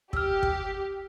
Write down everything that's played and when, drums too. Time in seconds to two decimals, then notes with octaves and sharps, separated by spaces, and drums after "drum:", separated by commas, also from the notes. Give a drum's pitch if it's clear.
0.13 G4 E6 F6, drum: kick
0.43 drum: kick